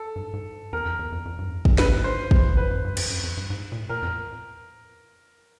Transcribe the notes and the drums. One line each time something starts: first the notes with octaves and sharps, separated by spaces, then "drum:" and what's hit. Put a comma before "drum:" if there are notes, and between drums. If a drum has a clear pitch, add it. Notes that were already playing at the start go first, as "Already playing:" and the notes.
Already playing: A4
G2
G#2
G#2
E2 A#4
F2
E2
F2
F2
G2
E2
F2
F#2, drum: kick
G2 B4, drum: snare
G#2 C5
F2 C5, drum: kick
E2
F2 B4
F#2
G2
F2, drum: cymbal
F#2
F2
G2
G#2
A#2
A2
A#2 A#4
F2